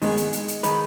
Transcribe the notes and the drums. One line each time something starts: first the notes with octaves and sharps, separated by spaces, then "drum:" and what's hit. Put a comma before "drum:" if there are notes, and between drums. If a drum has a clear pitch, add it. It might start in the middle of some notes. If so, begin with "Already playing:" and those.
D#3 G#3 B3 G#4, drum: open hi-hat
drum: hi-hat
drum: hi-hat
drum: hi-hat
D#3 G#3 D#4 B4, drum: hi-hat